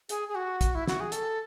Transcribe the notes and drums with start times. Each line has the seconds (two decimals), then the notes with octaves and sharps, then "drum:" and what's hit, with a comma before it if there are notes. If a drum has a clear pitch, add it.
0.09 G#4, drum: hi-hat
0.29 G#4
0.35 F#4
0.61 drum: kick, hi-hat
0.75 E4
0.87 F#4, drum: snare
1.00 G#4
1.12 A4, drum: hi-hat